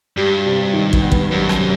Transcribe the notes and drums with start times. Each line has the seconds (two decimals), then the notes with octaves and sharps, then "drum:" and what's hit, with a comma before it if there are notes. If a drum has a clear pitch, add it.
0.17 G2 G3
0.46 C3
0.74 D#3
0.93 drum: kick
1.02 B3
1.12 drum: kick
1.31 F#2 G3
1.49 drum: rim click
1.58 C3